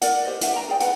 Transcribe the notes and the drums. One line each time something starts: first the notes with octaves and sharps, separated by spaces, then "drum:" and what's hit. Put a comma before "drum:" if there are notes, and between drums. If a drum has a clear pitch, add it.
A#4 D5 F#5, drum: hi-hat
G4 C5 D#5
D4 E5 F#5, drum: hi-hat
G5 A#5
G#4 D5 G5
B4 F#5 G5, drum: hi-hat